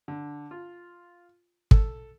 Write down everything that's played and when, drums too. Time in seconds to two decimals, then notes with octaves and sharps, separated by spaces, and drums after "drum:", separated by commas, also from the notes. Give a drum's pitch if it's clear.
0.08 D3
0.51 F4
1.71 A4, drum: kick